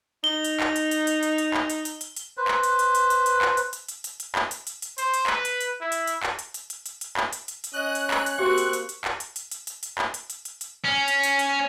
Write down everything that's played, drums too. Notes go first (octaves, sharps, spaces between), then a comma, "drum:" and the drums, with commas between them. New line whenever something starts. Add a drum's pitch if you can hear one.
D#4 G7
drum: hi-hat
drum: clap
drum: hi-hat
drum: hi-hat
drum: hi-hat
drum: hi-hat
drum: hi-hat
drum: clap
drum: hi-hat
drum: hi-hat
drum: hi-hat
drum: hi-hat
B4 C5
drum: clap
drum: hi-hat
drum: hi-hat
drum: hi-hat
drum: hi-hat
drum: hi-hat
drum: clap
drum: hi-hat
drum: hi-hat
drum: hi-hat
drum: hi-hat
drum: hi-hat
drum: clap
drum: hi-hat
drum: hi-hat
drum: hi-hat
C5, drum: hi-hat
drum: hi-hat
B4, drum: clap
drum: hi-hat
drum: hi-hat
E4
drum: hi-hat
drum: hi-hat
drum: clap
drum: hi-hat
drum: hi-hat
drum: hi-hat
drum: hi-hat
drum: hi-hat
drum: clap
drum: hi-hat
drum: hi-hat
drum: hi-hat
C#4 D#5 F#6
drum: hi-hat
drum: clap
drum: hi-hat
A#3 C4 F#4 G4 C#6
drum: hi-hat
drum: hi-hat
drum: hi-hat
drum: clap
drum: hi-hat
drum: hi-hat
drum: hi-hat
drum: hi-hat
drum: hi-hat
drum: clap
drum: hi-hat
drum: hi-hat
drum: hi-hat
drum: hi-hat
C#4
drum: hi-hat
drum: hi-hat
drum: hi-hat